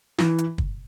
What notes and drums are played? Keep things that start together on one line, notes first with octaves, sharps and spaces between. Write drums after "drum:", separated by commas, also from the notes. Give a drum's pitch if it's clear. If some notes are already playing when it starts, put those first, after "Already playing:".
E3, drum: snare
drum: hi-hat
drum: kick